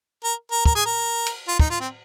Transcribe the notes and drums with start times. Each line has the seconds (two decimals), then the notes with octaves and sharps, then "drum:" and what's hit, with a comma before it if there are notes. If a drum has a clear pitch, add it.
0.24 A#4
0.51 A#4
0.66 A#4, drum: kick
0.75 G#4
0.85 A#4
1.26 drum: cymbal
1.48 F4
1.59 D#4, drum: kick
1.70 F4
1.80 C4